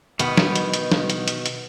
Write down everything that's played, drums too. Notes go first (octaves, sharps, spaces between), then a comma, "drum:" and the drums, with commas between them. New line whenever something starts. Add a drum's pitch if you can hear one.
B2 D#3 B3, drum: hi-hat
drum: snare
drum: hi-hat
drum: hi-hat
drum: snare
drum: hi-hat
drum: hi-hat
drum: hi-hat